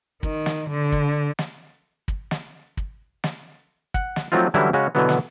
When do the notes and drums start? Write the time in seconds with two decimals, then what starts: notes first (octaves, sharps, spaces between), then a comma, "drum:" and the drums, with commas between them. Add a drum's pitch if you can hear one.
0.23 D#3, drum: kick
0.46 drum: snare
0.69 D3
0.92 drum: kick
1.39 drum: snare
2.08 drum: kick
2.31 drum: snare
2.77 drum: kick
3.24 drum: snare
3.94 F#5, drum: kick
4.16 drum: snare
4.32 F3 F#3 A3 C4 D#4 F4
4.54 D3 E3 F#3 G3 C#4 E4
4.73 C#3 G#3 C#4 F#4
4.95 B2 D3 E3 F#3 B3
5.09 drum: snare